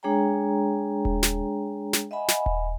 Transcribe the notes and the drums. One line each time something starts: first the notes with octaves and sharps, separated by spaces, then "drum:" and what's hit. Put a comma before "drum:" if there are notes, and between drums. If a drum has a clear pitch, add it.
G#3 D4 G#4 C#5 G5 A#5
drum: kick D#1
drum: snare
drum: snare
D#5 E5 F#5 G#5 B5
drum: snare
drum: kick D#1